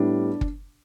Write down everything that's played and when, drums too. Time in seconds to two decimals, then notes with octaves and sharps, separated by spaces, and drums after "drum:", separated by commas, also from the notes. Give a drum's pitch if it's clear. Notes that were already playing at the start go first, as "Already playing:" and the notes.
Already playing: A2 G3 B3 D4
0.41 drum: kick